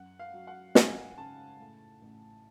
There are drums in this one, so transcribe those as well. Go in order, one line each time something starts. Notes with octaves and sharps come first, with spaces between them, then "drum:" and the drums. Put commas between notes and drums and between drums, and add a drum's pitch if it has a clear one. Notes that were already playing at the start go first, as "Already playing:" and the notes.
Already playing: F#2 F#5
F5
F#3
F#5
G#1 G#5, drum: snare
C#3 A5
A2
A1